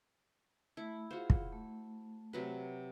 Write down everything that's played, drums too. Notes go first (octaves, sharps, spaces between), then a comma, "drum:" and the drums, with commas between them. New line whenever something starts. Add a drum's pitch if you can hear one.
A3 E4
F4 F#4 G#4 C5 F5
drum: kick
A3
C3 F#3 B4